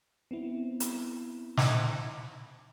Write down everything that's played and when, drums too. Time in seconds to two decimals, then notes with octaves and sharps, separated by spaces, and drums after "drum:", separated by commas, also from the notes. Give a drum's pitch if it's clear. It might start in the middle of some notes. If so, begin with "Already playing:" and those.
0.31 B3 C4 E4
0.80 drum: hi-hat
1.57 drum: snare